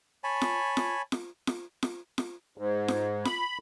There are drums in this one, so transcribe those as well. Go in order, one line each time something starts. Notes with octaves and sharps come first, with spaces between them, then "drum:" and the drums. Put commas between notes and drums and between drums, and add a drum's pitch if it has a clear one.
C#5 G#5 A5 B5
drum: snare F4
drum: snare F4
drum: snare F4
drum: snare F4
drum: snare F4
drum: snare F4
G#2
drum: snare F4
B5, drum: snare F4